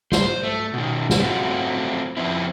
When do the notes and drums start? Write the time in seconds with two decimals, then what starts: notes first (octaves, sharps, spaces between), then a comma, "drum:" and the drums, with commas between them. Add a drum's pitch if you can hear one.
0.12 C5, drum: snare
0.43 A3
0.74 B2 D#3
1.10 drum: snare
1.19 F#3 A3 C4 F4 F#4
2.17 F2 F3 B3 C4 E4